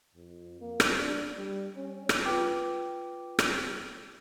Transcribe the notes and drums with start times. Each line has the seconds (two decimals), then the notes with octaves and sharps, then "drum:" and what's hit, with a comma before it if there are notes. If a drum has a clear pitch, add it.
0.15 F2
0.61 A#3
0.80 drum: rim click
0.99 D4
1.38 G3
1.76 C#4
2.09 drum: rim click
2.25 F4 B4 G5 D6
3.39 drum: rim click